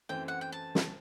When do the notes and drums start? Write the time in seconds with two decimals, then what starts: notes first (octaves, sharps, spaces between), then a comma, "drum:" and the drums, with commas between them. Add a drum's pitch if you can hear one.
0.09 F#2 E3 A3 C4 G5
0.28 F#5
0.41 G5
0.52 A5
0.75 drum: snare